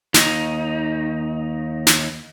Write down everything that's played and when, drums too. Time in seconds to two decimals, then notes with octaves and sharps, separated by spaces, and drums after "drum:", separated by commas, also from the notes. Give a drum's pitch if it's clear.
0.14 D#2 D#4, drum: snare
1.87 drum: snare